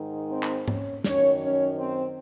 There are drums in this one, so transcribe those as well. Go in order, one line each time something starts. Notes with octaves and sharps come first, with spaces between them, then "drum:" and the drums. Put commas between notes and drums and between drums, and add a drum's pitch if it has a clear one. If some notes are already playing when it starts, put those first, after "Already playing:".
Already playing: G#2 D#3
C4 C5
drum: clap
C#4 C#5, drum: tom G#2
F#2 D#3 C#4 C#5, drum: snare
C#4 C#5
C4 C5